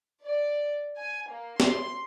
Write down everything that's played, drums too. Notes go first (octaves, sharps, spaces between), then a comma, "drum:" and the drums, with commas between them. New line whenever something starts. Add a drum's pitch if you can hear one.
D5
G#5
A#3
C6, drum: snare